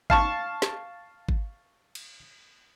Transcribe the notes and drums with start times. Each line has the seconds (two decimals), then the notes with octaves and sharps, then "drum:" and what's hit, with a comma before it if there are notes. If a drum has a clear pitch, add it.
0.10 F5 A5 C#6, drum: kick G#1
0.62 drum: snare
1.29 drum: kick G#1
1.95 drum: cymbal